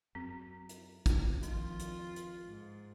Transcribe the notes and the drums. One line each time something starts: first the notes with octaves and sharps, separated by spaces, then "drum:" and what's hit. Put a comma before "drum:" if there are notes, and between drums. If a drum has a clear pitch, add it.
F#2 C4
drum: hi-hat
drum: kick, hi-hat
F2 D#3 F4, drum: hi-hat
drum: hi-hat
drum: hi-hat
G#2